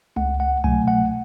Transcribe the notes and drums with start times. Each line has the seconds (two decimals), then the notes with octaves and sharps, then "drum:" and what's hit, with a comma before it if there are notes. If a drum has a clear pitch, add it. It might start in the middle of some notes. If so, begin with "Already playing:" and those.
0.16 C#2 F#5, drum: tom G#3
0.40 F#5
0.64 B2 F#3 A3 G#5, drum: kick C2
0.88 F#5